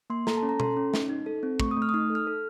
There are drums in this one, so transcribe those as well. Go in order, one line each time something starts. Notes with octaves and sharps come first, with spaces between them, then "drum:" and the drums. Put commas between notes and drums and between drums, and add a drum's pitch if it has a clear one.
A#3 C6
A4 A#5, drum: snare
A5
C#4
A#5
A4 C6, drum: tom B2
C#4
D#4, drum: snare
D#4
A4
C4
A3 C#6, drum: kick
D#6
A3
F6
D#6
D#4 F6
A4
F6
A4